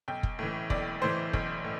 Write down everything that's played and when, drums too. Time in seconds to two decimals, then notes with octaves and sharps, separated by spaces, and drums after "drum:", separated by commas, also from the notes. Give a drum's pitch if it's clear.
0.08 B1 G5
0.23 drum: kick
0.39 A2 E3
0.70 B1 D5, drum: kick
1.02 A2 E3 C5
1.33 B1, drum: kick
1.64 A2